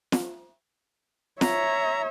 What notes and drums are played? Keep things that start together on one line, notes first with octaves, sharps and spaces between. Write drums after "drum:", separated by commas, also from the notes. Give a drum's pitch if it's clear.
drum: snare
C#5 E5 A#5, drum: snare